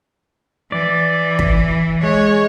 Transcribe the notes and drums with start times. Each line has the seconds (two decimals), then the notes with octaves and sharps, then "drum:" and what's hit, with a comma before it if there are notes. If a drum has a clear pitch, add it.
0.72 E3 D5
1.39 drum: kick
2.03 G#3 C#5